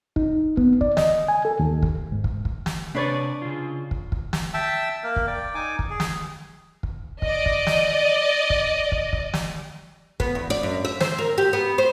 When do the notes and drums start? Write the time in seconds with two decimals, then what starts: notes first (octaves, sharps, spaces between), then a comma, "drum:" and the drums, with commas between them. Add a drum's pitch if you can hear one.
0.16 D#4, drum: kick
0.57 B3, drum: kick
0.81 D5, drum: kick
0.97 D#5, drum: snare
1.28 G#5
1.45 A4
1.59 D#2
1.82 drum: kick
2.12 G#2
2.24 drum: kick
2.45 drum: kick
2.66 drum: snare
2.95 C3 D4 B4 C#5 D5
3.42 C#3 F4
3.91 drum: kick
4.12 drum: kick
4.33 drum: snare
4.54 E5 G5 A5 E6
5.03 A#3 A#4
5.16 drum: kick
5.27 D5 G5
5.54 D#4 G#5 D6
5.79 drum: kick
5.90 G#4
6.00 drum: snare
6.83 drum: kick
7.22 D5 D#5, drum: kick
7.46 drum: kick
7.67 drum: snare
8.50 drum: kick
8.92 drum: kick
9.13 drum: kick
9.34 drum: snare
10.20 B3, drum: kick
10.35 E2
10.50 D5
10.63 F#2
10.85 E5
11.00 C5, drum: snare
11.18 A#4
11.38 G4
11.53 B3
11.78 C5